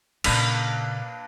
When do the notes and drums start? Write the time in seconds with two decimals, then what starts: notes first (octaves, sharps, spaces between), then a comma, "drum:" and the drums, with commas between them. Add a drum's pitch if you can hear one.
0.24 A#2 C#3 A#3 D4 B4, drum: cymbal